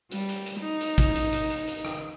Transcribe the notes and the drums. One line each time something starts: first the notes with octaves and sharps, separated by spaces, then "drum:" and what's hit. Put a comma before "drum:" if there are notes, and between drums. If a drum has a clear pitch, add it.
G3, drum: hi-hat
drum: hi-hat
drum: hi-hat
D#4
drum: hi-hat
drum: kick, hi-hat
drum: hi-hat
drum: hi-hat
drum: hi-hat
drum: hi-hat
drum: rim click